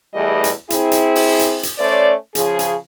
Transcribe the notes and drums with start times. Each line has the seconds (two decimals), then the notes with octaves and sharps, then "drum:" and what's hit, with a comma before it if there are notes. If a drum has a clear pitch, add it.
0.15 E2 E3 G3 A3 G#4 D#5
0.44 drum: hi-hat
0.70 C4 E4 G#4, drum: hi-hat
0.92 drum: hi-hat
1.15 drum: open hi-hat
1.39 drum: hi-hat
1.63 drum: hi-hat
1.79 A3 C#4 C5 D5
2.35 C#3 F3 G#4, drum: hi-hat
2.59 drum: hi-hat